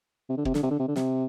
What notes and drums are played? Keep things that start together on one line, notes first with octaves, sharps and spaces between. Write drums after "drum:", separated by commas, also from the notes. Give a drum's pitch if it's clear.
C3
D3
C3, drum: kick
D3, drum: snare
C3
D3
C3
D3
C3, drum: snare